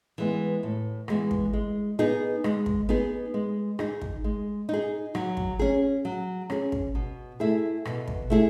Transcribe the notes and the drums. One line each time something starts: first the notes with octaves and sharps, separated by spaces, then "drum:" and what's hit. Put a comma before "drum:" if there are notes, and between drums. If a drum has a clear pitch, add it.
E3 G#3 B3
A2
E3 G#3 B3, drum: rim click
drum: kick
G#3
B3 D#4 G#4
G#3, drum: rim click
drum: kick
B3 D#4 G#4
G#3
D#4 G#4, drum: rim click
drum: kick
G#3
D#4 G#4
F#3, drum: rim click
drum: kick
C#4 G#4
F#3
C#4 G#4, drum: rim click
drum: kick
B2
A3 E4 G#4
B2, drum: rim click
drum: kick
A3 E4 G#4